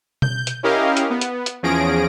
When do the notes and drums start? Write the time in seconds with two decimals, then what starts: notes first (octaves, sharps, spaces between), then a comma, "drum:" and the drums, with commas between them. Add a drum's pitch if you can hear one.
0.22 G6, drum: tom B2
0.47 drum: hi-hat
0.63 C#4 E4 G4 A#4 D#5 F5
0.97 drum: hi-hat
1.10 B3
1.21 drum: hi-hat
1.46 drum: hi-hat
1.63 E2 F3 C#4 G#4 A#6 D7